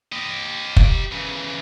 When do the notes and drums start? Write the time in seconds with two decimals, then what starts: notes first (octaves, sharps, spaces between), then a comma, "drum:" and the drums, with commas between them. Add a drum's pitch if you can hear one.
0.12 G4 D#5
0.77 drum: kick
1.12 C#3 E3